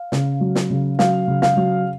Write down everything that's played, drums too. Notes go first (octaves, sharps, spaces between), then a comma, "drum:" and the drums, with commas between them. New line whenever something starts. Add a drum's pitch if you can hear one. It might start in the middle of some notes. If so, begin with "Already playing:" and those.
Already playing: F5
C#3, drum: snare
F#3
drum: snare
C#3
F#3 F5, drum: snare
C#3
F5, drum: snare
F#3